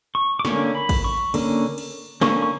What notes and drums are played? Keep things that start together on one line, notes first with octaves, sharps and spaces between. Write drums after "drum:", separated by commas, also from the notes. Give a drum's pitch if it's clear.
C#6
D6
D3 A#3 C#4 C#6, drum: snare
B5
drum: kick, cymbal
C#6
D3 A#3 C#4, drum: cymbal
drum: cymbal
D3 A#3 C#4 C#6, drum: snare
C#6